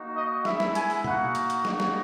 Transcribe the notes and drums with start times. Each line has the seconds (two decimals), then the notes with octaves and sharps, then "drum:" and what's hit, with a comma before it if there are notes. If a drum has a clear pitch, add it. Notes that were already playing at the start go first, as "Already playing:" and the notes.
Already playing: A#3 D#4 F#4
0.15 D#5
0.45 G#3 B3 E4 E5, drum: snare
0.60 drum: snare
0.75 G#5, drum: hi-hat
0.90 drum: open hi-hat
1.04 A#3 D#4 F#4 F#5, drum: tom
1.35 drum: hi-hat
1.50 drum: hi-hat
1.65 A#3 D#4 F#4, drum: snare
1.80 drum: snare